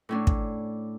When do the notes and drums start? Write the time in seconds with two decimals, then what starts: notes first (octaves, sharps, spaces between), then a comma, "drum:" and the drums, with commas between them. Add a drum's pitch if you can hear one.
0.09 A2 C#4 D4
0.27 drum: kick